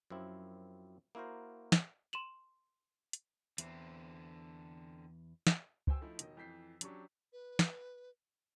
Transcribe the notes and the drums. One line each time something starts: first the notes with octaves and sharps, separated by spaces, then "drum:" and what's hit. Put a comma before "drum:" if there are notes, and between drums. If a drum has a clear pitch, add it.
F#2 F3 C4 E4
A#3 E4 F#4 A#4 C5
drum: snare
C6 D#7 E7 F#7
drum: hi-hat
E2 D3 C4, drum: hi-hat
drum: snare
F#4 C5 G5 G#5 E6, drum: kick
F3 A3 D#4 E4
E1 D#3 D#5, drum: hi-hat
F2 E3 G6 B6 C7
F#3 C#4 D4 G4 C#6, drum: hi-hat
B4
drum: snare